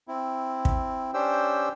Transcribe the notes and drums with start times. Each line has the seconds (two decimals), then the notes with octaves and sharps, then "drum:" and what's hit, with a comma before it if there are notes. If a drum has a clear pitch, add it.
0.08 C4 E4
0.65 drum: kick
1.14 C#4 D4 G4 C5 G5 E6